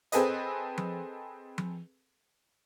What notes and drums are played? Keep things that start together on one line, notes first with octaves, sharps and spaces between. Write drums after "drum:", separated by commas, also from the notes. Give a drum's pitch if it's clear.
C4 G#4 A4 B4 D#5, drum: hi-hat
drum: tom F3
drum: tom F3